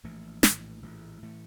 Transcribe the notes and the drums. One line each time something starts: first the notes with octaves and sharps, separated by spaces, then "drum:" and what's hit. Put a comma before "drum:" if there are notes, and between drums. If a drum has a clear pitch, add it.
A#1 A2 E3 A3
A#1 A2 E3 A3, drum: snare
A#1 A2 E3 A3
A2 E3 A3